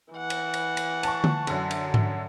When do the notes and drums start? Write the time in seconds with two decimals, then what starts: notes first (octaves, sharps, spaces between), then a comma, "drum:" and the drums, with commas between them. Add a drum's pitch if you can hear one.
0.13 E3 F#5
0.30 drum: cymbal
0.54 drum: cymbal
0.77 drum: cymbal
1.03 A5 C#6, drum: cymbal
1.24 drum: tom D3
1.47 F#2 D3, drum: cymbal
1.71 drum: cymbal
1.94 drum: tom G#2